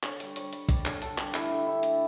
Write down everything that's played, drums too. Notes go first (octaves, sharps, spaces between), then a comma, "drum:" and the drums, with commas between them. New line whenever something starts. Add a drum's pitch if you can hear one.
D3 C#5, drum: clap
G3, drum: hi-hat
G3 C#5, drum: hi-hat
G3, drum: hi-hat
G3 D5, drum: kick, hi-hat
D3 C#5, drum: clap
D3 A4, drum: hi-hat
G3 G4, drum: clap
A3 E4, drum: clap
D3
A3 E4
A3, drum: hi-hat